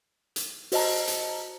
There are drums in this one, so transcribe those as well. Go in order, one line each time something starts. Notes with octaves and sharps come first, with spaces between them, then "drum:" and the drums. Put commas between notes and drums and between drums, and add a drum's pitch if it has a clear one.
drum: hi-hat
F#4 C5 D#5 A5 A#5, drum: open hi-hat
drum: hi-hat